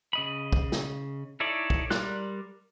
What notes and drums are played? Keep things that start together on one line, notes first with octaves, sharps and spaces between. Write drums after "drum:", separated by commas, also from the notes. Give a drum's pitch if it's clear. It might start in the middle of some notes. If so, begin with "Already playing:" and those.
C#3 D#5 B5
drum: kick
drum: snare
D#4 E4 A4 C#5 D5
drum: kick
G3 A#4 D5 C6 F#6, drum: snare